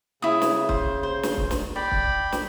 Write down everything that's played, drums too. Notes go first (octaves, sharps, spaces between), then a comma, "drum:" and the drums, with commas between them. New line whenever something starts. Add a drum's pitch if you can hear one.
C#3 E4 D#6
drum: snare
C5, drum: kick C#1
C5
drum: snare
drum: kick C#1
drum: snare
D5 G5 B5
drum: kick C#1
drum: snare